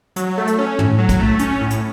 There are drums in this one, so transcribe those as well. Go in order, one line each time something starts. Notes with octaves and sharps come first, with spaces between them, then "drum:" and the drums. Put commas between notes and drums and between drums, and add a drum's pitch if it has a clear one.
F#3, drum: hi-hat
A3
drum: hi-hat
C#4
A2, drum: tom
F#3
drum: kick, hi-hat
A3
C#4, drum: hi-hat
A2
drum: hi-hat